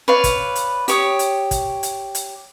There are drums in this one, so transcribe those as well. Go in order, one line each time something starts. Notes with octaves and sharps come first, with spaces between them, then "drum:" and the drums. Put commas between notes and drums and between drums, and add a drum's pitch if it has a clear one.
B4 C#5 D5 F5
drum: kick, hi-hat
drum: hi-hat
G4 C#5 D#6, drum: hi-hat
drum: hi-hat
drum: kick, hi-hat
drum: hi-hat
drum: hi-hat